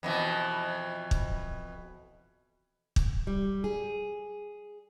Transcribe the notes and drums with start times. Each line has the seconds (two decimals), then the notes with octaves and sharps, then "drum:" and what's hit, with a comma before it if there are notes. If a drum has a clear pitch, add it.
0.03 F2 B2 E3
1.11 drum: kick
2.96 drum: kick
3.27 G3
3.64 G#4